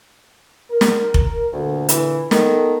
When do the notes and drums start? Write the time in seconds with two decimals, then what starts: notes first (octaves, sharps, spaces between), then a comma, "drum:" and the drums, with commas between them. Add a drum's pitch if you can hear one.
0.71 A#4
0.81 drum: snare
1.14 drum: kick F1
1.52 D2 A#2 D3
1.89 E3, drum: hi-hat
2.31 D#3 B3 A4, drum: snare